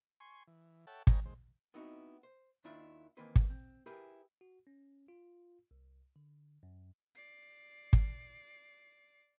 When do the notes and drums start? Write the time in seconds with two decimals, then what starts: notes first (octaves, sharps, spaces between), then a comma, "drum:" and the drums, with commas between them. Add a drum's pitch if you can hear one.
0.20 G#5 C6 C#6
0.47 E3
0.87 A4 C#5 E5 F#5 G5 A5
1.07 B4 C#5 D#5 G5 G#5 A#5, drum: kick
1.26 D#2 G#3 C5
1.74 B3 C4 D#4 E4 F#4
2.23 C5
2.64 D#2 D#3 D4 E4 F4 E5
3.17 D#3 E3 A#3 C4 B4 C5
3.36 drum: kick
3.50 C4
3.86 E4 G4 G#4 A#4 B4
4.41 F#4
4.67 C#4
5.08 F4
5.71 C2
6.16 D3
6.63 F#2
7.15 D5 C7
7.93 drum: kick